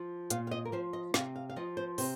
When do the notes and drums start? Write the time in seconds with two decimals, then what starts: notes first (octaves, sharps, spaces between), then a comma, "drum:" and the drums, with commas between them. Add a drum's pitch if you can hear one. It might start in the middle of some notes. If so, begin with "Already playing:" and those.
Already playing: F3
0.30 A#2 F5, drum: hi-hat
0.47 F5
0.51 D#5
0.65 A#4
0.72 F3 C5
0.93 D#5
1.14 C3 F5, drum: snare
1.36 F5
1.50 F5
1.56 F3 D#5
1.77 C5
1.98 C3 C5, drum: open hi-hat